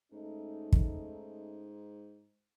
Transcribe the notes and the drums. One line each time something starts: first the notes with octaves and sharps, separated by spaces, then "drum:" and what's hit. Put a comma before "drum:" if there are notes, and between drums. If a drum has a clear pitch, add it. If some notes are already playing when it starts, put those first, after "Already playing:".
G#2 A3 C#4 D#4
drum: kick